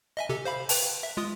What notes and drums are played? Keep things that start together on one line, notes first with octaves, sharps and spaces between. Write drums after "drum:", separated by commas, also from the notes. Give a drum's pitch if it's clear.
D#5 E5 G#5
C3 G4 A4
C5 F5 B5
B4 G5 A5, drum: open hi-hat
E5
G#3 F4 D#6